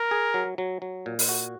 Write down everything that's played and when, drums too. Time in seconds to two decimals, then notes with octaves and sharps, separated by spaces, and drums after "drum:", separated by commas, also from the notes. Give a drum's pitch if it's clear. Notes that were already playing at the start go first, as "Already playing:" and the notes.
Already playing: A#4
0.11 G#4
0.34 F#3
0.58 F#3
0.82 F#3
1.06 A#2
1.19 drum: open hi-hat
1.29 F#4